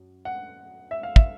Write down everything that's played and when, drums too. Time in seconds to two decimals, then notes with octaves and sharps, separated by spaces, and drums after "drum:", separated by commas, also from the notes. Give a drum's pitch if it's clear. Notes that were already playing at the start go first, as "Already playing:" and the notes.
Already playing: F#2
0.25 F#5
0.91 E5
1.03 F5
1.16 E5, drum: kick